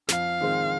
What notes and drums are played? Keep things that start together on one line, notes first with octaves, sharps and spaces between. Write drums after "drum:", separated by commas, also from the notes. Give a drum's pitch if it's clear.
F2 F5, drum: snare
D#3 G#3 C4